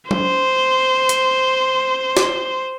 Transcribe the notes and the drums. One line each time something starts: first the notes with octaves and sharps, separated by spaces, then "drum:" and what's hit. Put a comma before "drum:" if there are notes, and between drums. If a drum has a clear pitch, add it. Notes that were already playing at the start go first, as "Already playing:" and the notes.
C5 C6, drum: tom F#3
drum: hi-hat
drum: snare